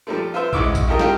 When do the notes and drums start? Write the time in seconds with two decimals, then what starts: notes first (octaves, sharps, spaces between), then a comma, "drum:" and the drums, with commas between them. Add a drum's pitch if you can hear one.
0.07 F3 G3 A3
0.34 F4 B4 C5 E5
0.53 A1 G#3 E4 C#6 D6 E6, drum: kick
0.75 drum: kick, tambourine
0.88 E4 F4 G4 A4 A#4 D#5
0.99 E4 F4 G4 A#4, drum: snare